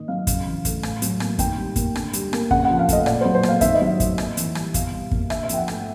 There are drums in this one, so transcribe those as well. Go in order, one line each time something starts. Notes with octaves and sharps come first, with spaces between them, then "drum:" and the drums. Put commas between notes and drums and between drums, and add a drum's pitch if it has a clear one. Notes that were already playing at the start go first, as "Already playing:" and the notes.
Already playing: D#3 A#3 D#5
F#3 F5
C#3, drum: kick, hi-hat
E3
A3, drum: kick, hi-hat
A2, drum: rim click
F#3, drum: hi-hat
A#3, drum: rim click
D#3 G5, drum: kick, hi-hat
G3
A#3, drum: kick, hi-hat
D3, drum: rim click
G3, drum: hi-hat
A#3, drum: rim click
C#3 F#5, drum: kick
F#5
F3
F5
A3 D#5, drum: kick, hi-hat
A#2 D5, drum: rim click
F#3 C5
C5
A#3, drum: rim click
F5
D#3 E5, drum: kick, hi-hat
D#5
F#3
E5
A3, drum: kick, hi-hat
A#3, drum: rim click
E3, drum: hi-hat
G3, drum: rim click
B2 F5, drum: kick, hi-hat
G3
A#3, drum: kick
D3 E5, drum: rim click
E5
F3 G5, drum: hi-hat
F#5
A3 G5, drum: rim click